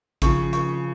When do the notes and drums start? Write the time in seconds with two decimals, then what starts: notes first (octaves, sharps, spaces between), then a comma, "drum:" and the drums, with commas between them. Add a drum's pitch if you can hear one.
0.22 C#3 F3 C#6, drum: kick, hi-hat
0.53 C#6, drum: hi-hat